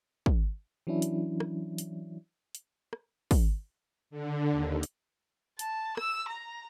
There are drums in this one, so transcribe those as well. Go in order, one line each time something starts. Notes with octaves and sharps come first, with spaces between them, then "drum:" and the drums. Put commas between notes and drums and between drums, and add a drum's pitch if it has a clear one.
drum: kick
E3 F#3 C#4 D4 E4
drum: hi-hat
drum: rim click
drum: hi-hat
drum: hi-hat
drum: rim click
drum: kick, open hi-hat
D3
D#2
drum: hi-hat
A5, drum: hi-hat
E6, drum: rim click
A#5